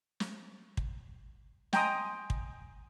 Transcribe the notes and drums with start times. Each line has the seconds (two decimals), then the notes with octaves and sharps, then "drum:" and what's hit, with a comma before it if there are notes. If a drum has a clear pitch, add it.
0.20 drum: snare
0.77 drum: kick
1.73 D#5 G5 G#5 A#5 C6 D#6, drum: snare
2.30 drum: kick